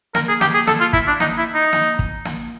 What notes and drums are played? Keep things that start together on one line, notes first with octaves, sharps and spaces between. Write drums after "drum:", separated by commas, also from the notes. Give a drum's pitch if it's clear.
A#4, drum: snare
G#4
G4, drum: snare
G#4
A4, drum: snare
F4
E4, drum: kick
D4
D#4, drum: snare
E4
D#4
drum: snare
drum: kick
drum: snare